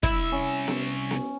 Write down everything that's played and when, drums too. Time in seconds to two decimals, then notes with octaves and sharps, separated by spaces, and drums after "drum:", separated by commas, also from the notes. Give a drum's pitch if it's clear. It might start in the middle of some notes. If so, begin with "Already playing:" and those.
0.03 C2 E4 E5, drum: kick
0.32 C#4
0.68 drum: snare B3
1.11 drum: snare B3